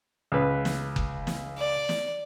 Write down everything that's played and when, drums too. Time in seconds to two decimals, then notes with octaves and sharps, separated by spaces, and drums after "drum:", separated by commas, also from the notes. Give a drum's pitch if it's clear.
0.32 C#2 B4
0.65 drum: snare
0.96 drum: kick F#1
1.27 drum: snare
1.58 D5
1.89 drum: snare